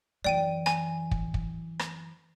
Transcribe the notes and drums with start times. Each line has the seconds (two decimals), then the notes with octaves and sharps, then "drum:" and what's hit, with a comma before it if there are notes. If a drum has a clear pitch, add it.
0.24 F#2 E3 D5 G5 D#7
0.66 G#5, drum: rim click
1.11 drum: kick
1.34 drum: kick
1.79 drum: rim click